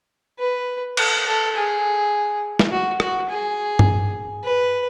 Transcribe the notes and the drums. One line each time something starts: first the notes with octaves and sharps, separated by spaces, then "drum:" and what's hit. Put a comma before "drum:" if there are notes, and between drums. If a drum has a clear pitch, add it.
B4
A4, drum: cymbal
A4
G#4
drum: snare
F#4
F#4, drum: rim click
G#4
drum: tom G2
B4